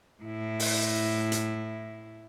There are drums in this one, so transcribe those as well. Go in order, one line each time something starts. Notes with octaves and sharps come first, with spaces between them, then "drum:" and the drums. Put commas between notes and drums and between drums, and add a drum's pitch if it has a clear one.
A2 E4
drum: open hi-hat
drum: hi-hat